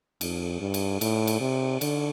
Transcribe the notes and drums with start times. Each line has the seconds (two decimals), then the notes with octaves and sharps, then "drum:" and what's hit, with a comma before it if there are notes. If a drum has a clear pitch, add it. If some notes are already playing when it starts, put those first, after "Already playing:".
0.21 F2, drum: cymbal
0.60 G2
0.74 drum: cymbal
1.01 A2, drum: cymbal
1.27 drum: cymbal
1.40 C3
1.81 D3, drum: cymbal